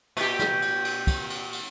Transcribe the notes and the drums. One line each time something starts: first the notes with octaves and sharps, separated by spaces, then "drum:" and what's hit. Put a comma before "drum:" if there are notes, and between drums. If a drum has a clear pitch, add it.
A#2 G4, drum: cymbal
drum: snare
drum: cymbal
drum: cymbal
drum: kick, cymbal
drum: cymbal
drum: cymbal